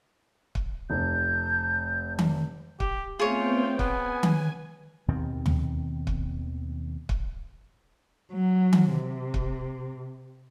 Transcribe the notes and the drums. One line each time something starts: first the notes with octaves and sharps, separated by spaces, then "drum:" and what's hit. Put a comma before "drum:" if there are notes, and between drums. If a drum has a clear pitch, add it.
drum: kick
F1 G6
drum: tom D#3
G4, drum: kick
A3 B3 C4 F4 G#4 C#5 G5
B3 B4 G#5, drum: kick
drum: tom D#3
D#2 B2 D#3 C4
drum: tom
drum: kick
drum: kick
F#3
drum: tom D#3
C3
drum: kick